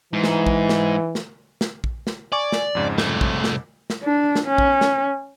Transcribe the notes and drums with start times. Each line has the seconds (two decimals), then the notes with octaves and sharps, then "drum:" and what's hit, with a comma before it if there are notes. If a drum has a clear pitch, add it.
0.13 G#2 E3
0.24 drum: snare
0.47 drum: kick
0.69 drum: snare
1.15 drum: snare
1.61 drum: snare
1.84 drum: kick
2.07 drum: snare
2.32 D5 G#5 C#6 D6
2.52 drum: snare
2.75 F2 G#2 C#3
2.98 C2 A3, drum: snare
3.21 drum: kick
3.44 drum: snare
3.90 drum: snare
4.03 D4
4.35 drum: snare
4.47 C#4
4.58 drum: kick
4.81 drum: snare